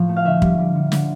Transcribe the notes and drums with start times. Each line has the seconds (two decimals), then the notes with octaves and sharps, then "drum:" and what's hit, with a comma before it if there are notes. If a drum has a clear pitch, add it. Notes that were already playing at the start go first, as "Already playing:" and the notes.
Already playing: A2 F3
0.09 A3
0.16 F5
0.25 D3 E5
0.42 G3, drum: kick
0.59 G3
0.75 D3
0.92 D3, drum: snare